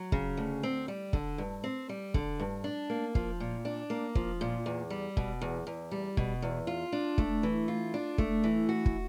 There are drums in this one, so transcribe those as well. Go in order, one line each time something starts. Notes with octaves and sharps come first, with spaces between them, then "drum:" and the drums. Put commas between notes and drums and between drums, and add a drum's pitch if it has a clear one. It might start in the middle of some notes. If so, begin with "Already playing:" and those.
Already playing: F#3
C#3, drum: kick
D2
C4
G3
D3, drum: kick
G2
C4
G3
D3, drum: kick
G2
D4
A#3
F3, drum: kick
A#2
D4
A#3
F3, drum: kick
A#2
E2
G3
B2, drum: kick
E2
E2
G3
B2, drum: kick
E2
F4
D4
A3, drum: kick
E3
F4
D4
A3, drum: kick
E3
F#4
drum: kick